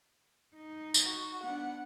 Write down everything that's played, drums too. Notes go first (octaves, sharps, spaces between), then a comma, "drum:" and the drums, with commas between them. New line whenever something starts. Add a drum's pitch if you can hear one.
D#4
drum: tambourine
F#4
B3 D4 F#5